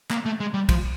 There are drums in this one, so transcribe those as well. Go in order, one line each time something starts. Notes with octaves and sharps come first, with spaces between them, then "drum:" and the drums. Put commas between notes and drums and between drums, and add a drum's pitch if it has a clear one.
A#3, drum: clap
A3
G#3
G3
F3, drum: kick, cymbal